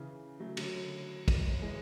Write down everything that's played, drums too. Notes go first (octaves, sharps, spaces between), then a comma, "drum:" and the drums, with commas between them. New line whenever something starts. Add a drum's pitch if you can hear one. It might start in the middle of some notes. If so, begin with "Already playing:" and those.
Already playing: C#3 E3
F#3 A3
D3 F#3, drum: cymbal
drum: kick, cymbal
E3 G#3